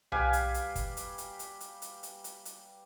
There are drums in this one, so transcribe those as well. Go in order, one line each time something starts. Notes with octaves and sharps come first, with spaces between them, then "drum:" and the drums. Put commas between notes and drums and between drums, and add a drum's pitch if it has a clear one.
G3 B4 F5 G#5, drum: tom B1
drum: hi-hat
drum: hi-hat
drum: kick, hi-hat
drum: hi-hat
drum: hi-hat
drum: hi-hat
drum: hi-hat
drum: hi-hat
drum: hi-hat
drum: hi-hat
drum: hi-hat